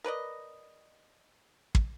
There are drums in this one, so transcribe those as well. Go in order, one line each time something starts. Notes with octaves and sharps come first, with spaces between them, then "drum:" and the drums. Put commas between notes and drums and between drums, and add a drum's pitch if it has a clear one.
A#4 B4 D5 D#5
drum: kick